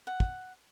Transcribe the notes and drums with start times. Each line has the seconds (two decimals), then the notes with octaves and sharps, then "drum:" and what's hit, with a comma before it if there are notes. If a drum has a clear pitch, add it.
0.07 F#5
0.20 drum: kick